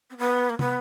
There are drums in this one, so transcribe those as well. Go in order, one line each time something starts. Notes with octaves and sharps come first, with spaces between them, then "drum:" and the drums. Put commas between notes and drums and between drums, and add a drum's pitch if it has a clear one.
C4
B3
A#3
B3, drum: tom